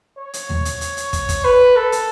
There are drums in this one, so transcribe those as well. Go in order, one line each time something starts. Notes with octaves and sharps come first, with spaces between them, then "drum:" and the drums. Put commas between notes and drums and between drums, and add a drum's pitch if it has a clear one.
C#5
drum: hi-hat
drum: tom D#2
drum: hi-hat
drum: hi-hat
drum: hi-hat
drum: kick, hi-hat
drum: kick, hi-hat
B4
A4
drum: hi-hat